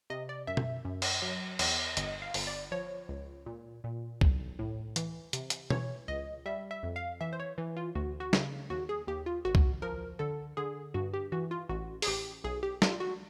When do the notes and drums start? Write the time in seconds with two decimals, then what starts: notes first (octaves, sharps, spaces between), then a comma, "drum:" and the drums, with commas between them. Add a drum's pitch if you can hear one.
0.10 C3 D#5
0.29 D5
0.47 F#2 E5
0.57 drum: tom
0.85 F#2
1.02 drum: cymbal
1.22 F#3
1.59 E2, drum: cymbal
1.97 G1 D#5, drum: hi-hat
2.22 F5
2.34 G1, drum: open hi-hat
2.47 D5
2.72 F3 C#5
3.09 C#2
3.46 A#2
3.84 A#2
4.21 B1, drum: kick C2
4.59 A2
4.96 E3, drum: hi-hat
5.33 C3, drum: hi-hat
5.50 drum: hi-hat
5.70 E3 C#5, drum: tom
6.08 C#2 D#5
6.46 G3 E5
6.71 E5
6.83 F2
6.96 F5
7.21 E3 E5
7.33 C5
7.40 C#5
7.58 E3
7.77 F4
7.95 D2 F#4
8.20 F#4
8.33 C#3, drum: snare
8.70 D#2 F#4
8.89 G#4
9.07 D#2 G4
9.26 F4
9.45 G#1 F#4
9.55 drum: kick C2
9.82 F3 A#4
10.19 D3 A4
10.57 D3 G#4
10.94 G2 F#4
11.14 G4
11.32 E3 F#4
11.51 F4
11.69 A1 F#4
12.02 G#4, drum: open hi-hat
12.07 A1 G4
12.44 B1 G#4
12.63 G4
12.82 G3 F4, drum: snare
13.00 F#4